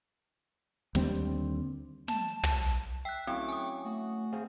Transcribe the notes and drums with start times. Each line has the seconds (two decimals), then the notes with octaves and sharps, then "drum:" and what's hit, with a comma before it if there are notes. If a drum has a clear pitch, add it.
0.95 D#2 D3 G3 C4, drum: snare
2.08 A5, drum: snare
2.43 drum: tom
3.05 E5 G5 F#6
3.27 F#3 A3 C4 C#4 E4 G5 D6
3.49 G#5 D#6
3.85 A3 F#4
4.33 C4 G#4 F5